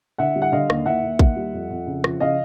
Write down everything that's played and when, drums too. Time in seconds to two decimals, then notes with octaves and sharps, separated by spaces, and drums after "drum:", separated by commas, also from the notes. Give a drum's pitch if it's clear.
0.18 D3 E5 F#5
0.36 G3
0.42 F#5
0.52 D3 D#5 F5
0.70 D#2, drum: rim click
0.86 D#2 E5 F#5
1.03 D#2
1.19 D#2, drum: kick
1.36 G3
1.53 F2
1.70 F2
1.87 C#3
2.04 F3, drum: rim click
2.20 C#3 D#5 F5